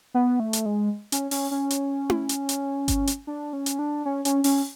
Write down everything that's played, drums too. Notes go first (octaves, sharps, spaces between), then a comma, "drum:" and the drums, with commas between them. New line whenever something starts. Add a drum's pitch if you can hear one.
B3
A3
drum: hi-hat
G#3
C#4, drum: hi-hat
C#4, drum: open hi-hat
C#4
drum: hi-hat
drum: tom E4
drum: hi-hat
drum: hi-hat
drum: kick G1, hi-hat
drum: hi-hat
D4
C#4
drum: hi-hat
D4
C#4
C#4, drum: hi-hat
C#4, drum: open hi-hat